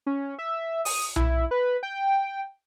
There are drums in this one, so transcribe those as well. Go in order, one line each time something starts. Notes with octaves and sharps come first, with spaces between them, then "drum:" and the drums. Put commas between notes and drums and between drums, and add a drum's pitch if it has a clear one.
C#4
E5
D#6, drum: open hi-hat
E4, drum: tom B1
B4
G5